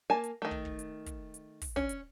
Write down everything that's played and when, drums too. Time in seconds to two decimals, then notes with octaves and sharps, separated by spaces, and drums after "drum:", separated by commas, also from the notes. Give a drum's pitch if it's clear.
0.10 A#3 G#5 A5
0.24 drum: hi-hat
0.42 D#3 A3
0.51 drum: kick
0.65 drum: kick
0.79 drum: hi-hat
1.06 drum: kick, hi-hat
1.34 drum: hi-hat
1.62 drum: kick, open hi-hat
1.76 C#4, drum: kick
1.89 drum: hi-hat